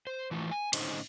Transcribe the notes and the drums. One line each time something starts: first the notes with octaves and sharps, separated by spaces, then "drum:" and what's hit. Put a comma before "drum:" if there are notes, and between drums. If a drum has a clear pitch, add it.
C5
E3 F3 A3
G#5
A2 D3 C#4 D#4 C5 D#5, drum: cymbal